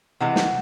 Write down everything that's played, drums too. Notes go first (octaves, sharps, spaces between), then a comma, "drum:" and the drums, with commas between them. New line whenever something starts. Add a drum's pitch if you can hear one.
C3 E3 G#3 F#5
drum: snare